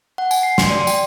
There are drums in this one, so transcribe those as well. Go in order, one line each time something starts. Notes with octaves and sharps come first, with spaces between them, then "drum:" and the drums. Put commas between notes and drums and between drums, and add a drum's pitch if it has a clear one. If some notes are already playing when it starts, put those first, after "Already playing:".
F#5
G#5, drum: tambourine
C7
C6, drum: snare
D5
G5, drum: tambourine